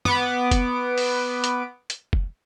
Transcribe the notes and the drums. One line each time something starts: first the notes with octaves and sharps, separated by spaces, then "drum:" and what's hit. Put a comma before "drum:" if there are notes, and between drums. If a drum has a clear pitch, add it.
B3 D6, drum: tom
drum: kick, hi-hat
drum: open hi-hat
drum: hi-hat
drum: hi-hat
drum: kick